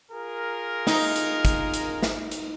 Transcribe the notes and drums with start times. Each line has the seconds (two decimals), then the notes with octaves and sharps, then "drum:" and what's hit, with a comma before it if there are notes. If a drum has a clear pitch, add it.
0.11 F4 G#4 A#4
0.87 D#4, drum: snare
1.16 drum: hi-hat
1.45 drum: kick, hi-hat
1.74 drum: hi-hat
2.03 drum: snare
2.31 drum: hi-hat